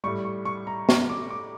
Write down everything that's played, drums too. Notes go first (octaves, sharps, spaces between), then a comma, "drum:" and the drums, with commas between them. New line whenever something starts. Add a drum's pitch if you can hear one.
A2 G3 C#6
C#6
C#6
A#5
C#6, drum: snare
D6
D6